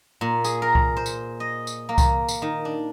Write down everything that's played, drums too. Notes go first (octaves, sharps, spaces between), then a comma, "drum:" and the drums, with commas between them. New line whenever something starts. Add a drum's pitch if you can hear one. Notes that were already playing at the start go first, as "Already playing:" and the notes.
A#2
G#4, drum: tambourine
A#4
drum: kick C2
C5
drum: tambourine
D#5
drum: tambourine
A#3
drum: kick C2, tambourine
drum: tambourine
D#3
D4